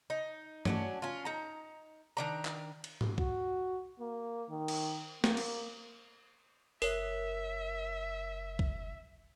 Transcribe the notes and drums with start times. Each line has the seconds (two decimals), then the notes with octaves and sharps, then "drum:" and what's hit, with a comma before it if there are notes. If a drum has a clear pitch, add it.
0.10 D#4
0.65 F#3 C#4 D4, drum: tom
1.02 C#4 F4
1.25 D#4 A#5
2.17 D#3 D4 A#5
2.45 drum: clap
2.84 drum: cymbal
3.01 drum: tom G#2
3.18 F#4, drum: kick C2
4.00 A#3
4.50 D#3
4.68 drum: cymbal
5.24 A#3, drum: snare
5.37 drum: cymbal
6.82 F#1 A#4 C#5 E5, drum: open hi-hat
8.59 drum: kick C2